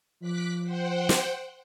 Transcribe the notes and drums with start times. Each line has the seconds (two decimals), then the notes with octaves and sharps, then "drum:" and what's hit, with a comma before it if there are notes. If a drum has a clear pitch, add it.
0.21 F3 D6 F#6 B6
0.62 C5 F#5 G5
1.09 drum: snare